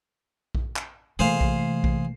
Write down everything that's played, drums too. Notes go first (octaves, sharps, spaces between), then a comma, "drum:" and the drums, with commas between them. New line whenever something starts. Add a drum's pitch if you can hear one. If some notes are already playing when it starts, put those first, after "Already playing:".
drum: kick A#1
drum: clap
C3 E3 A3 A#3 G#4 C5 F5 C7
drum: kick A#1
drum: kick A#1